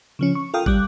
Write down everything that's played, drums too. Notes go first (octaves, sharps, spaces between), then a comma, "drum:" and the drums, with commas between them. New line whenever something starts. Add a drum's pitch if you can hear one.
C#3 F3 C#4
C#6
F4 A4 A#4 F5 G5 D#6
G3 D6 F#6, drum: kick